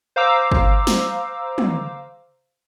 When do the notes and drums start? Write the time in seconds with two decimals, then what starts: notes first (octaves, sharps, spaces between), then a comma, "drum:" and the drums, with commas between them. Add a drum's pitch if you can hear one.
0.16 C5 F5 A#5 D6 E6
0.52 drum: kick
0.87 drum: snare
1.58 drum: tom